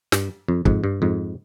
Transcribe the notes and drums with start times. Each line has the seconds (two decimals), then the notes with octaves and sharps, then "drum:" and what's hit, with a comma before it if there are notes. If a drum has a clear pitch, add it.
0.12 G2, drum: snare
0.48 F2
0.65 F2 G#2, drum: kick
0.84 G2
1.02 F2 G#2